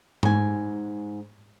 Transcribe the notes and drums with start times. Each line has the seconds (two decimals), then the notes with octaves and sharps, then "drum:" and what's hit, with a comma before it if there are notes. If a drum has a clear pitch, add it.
0.23 G#2 G#5, drum: tom G#2